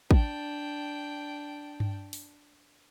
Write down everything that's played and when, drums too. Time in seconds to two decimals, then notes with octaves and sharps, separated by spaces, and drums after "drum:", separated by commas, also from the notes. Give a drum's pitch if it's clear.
0.11 D4 G5, drum: kick
1.80 drum: tom G2
2.13 drum: open hi-hat